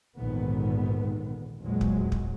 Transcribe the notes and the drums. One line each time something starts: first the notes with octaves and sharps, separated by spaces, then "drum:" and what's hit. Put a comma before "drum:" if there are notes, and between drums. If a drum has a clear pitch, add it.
A#1 D#2 G#2 D3 D#3 B3
A#1 E2 G2 F#3 G#3
drum: kick
drum: kick